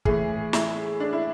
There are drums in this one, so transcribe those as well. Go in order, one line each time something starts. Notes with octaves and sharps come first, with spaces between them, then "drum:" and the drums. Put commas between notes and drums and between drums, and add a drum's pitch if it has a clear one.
A2 E3 G#4, drum: kick
E4, drum: snare
D4
E4